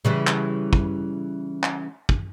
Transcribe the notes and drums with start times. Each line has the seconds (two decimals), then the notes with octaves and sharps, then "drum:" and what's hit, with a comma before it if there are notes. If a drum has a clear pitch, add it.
0.05 C#3 E3 G3
0.27 drum: clap
0.73 drum: kick
1.64 drum: clap
2.09 drum: kick